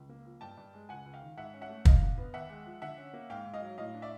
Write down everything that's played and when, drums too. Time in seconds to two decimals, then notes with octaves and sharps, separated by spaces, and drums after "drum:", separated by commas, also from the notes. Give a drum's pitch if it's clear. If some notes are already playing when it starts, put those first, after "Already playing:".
Already playing: C#2
0.09 A#3
0.26 F3
0.41 G2 G5 A5
0.57 G2
0.74 G#3
0.89 C#2 F#5 G#5
1.06 C#2
1.14 F5 G5
1.22 D#3
1.37 G#2 E5 F#5
1.54 C#4
1.61 E5 F#5
1.69 A3
1.85 D3 D#5 F5, drum: kick
2.02 D3
2.18 B3
2.34 D#2 E5 F#5
2.49 G#3
2.66 F3
2.82 D3 E5 F#5
2.98 C#4
3.13 A#3
3.30 G#2 F5 G5
3.45 G#2
3.54 D#5 F5
3.62 F#3
3.78 A2 D#5 F5
3.94 D4
4.02 D5 E5